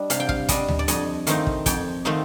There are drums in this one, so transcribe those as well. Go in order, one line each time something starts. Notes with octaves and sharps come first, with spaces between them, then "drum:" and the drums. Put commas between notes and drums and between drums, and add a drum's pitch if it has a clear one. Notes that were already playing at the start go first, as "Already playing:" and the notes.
Already playing: G3 D4 D#5
C3 F5, drum: hi-hat
G5
F5, drum: kick
G3 D4 D#5, drum: kick, hi-hat
drum: tom D2
D5
F2 D#5, drum: hi-hat
D#3 A3 C4 D#4 F5, drum: hi-hat
drum: kick
F2 G5, drum: kick, hi-hat
D#3 A3 C4 D#4 F5